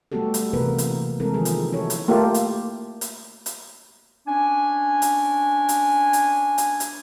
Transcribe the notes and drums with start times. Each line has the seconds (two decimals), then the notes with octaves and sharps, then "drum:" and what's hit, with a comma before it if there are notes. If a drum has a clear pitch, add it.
0.12 G3 A3 B3 F#4 G4 A4
0.34 drum: hi-hat
0.53 C3 E3 A#3 B3 A#4 B4
0.78 drum: hi-hat
1.20 E3 G#3 C4 A4 A#4
1.34 D#3 F3 G#4
1.45 drum: hi-hat
1.72 E4 F#4 A4 C#5
1.90 drum: hi-hat
2.08 A3 A#3 F4 G4
2.34 drum: hi-hat
3.01 drum: hi-hat
3.46 drum: hi-hat
4.28 C#4 D4 G#5
5.02 drum: hi-hat
5.69 drum: hi-hat
6.13 drum: hi-hat
6.58 drum: hi-hat
6.80 drum: hi-hat